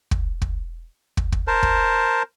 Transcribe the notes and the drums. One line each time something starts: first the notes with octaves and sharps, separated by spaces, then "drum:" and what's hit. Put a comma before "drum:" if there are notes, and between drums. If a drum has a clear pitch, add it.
drum: kick
drum: kick
drum: kick
drum: kick
A#4 C5 A5
drum: kick